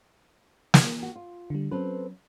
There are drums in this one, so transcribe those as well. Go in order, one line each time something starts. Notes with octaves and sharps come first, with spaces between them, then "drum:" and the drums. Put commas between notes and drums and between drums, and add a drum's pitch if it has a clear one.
drum: snare
F#4
F4
D3 G3
F#3 C4 C#4 A4 B4